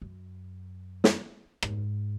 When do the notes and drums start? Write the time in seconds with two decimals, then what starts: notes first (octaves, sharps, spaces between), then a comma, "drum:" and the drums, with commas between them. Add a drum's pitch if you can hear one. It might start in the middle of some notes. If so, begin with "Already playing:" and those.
0.02 F#2
1.04 drum: snare
1.62 G#2, drum: rim click